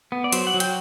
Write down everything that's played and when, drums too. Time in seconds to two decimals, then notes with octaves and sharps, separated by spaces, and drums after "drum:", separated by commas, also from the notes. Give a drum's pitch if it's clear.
0.12 B3
0.24 D5
0.32 F#3 C5, drum: hi-hat
0.47 F#5
0.54 F#3
0.60 G5, drum: hi-hat